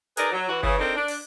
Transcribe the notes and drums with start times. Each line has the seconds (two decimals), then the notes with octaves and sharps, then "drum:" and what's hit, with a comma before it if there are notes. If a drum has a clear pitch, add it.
0.17 D#4 G#4 A#4 B4 D5, drum: hi-hat
0.32 F#3
0.49 E3 F#4
0.63 C#3 E3, drum: kick
0.79 C4 D4 D#4 A4 A#4
0.96 D4
1.08 drum: open hi-hat